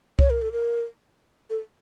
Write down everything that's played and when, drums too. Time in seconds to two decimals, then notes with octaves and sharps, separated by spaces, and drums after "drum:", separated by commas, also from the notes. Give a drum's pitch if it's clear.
0.19 C#5, drum: kick C2
0.30 A#4
0.42 A4
0.52 A#4
1.50 A4